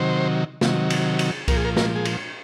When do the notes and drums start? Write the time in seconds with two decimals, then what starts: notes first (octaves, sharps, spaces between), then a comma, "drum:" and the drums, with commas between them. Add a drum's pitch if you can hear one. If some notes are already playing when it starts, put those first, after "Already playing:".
Already playing: C3 D#3 F#3 C5
0.61 C3 D#3 F#3, drum: snare
0.90 drum: cymbal
1.19 drum: cymbal
1.48 A#2 F3 A#4, drum: kick C2, cymbal
1.57 G#4
1.65 A#4
1.77 A#4, drum: snare
1.95 G#4
2.05 drum: cymbal